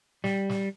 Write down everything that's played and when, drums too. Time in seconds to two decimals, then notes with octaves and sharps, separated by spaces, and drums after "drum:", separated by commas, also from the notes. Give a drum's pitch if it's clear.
0.24 G3, drum: snare
0.50 drum: snare